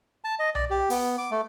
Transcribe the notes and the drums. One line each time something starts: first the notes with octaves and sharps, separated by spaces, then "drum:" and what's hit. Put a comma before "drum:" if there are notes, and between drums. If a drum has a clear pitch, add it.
A5
D#5
D5, drum: tom B1
G4
B3, drum: open hi-hat
D6
A3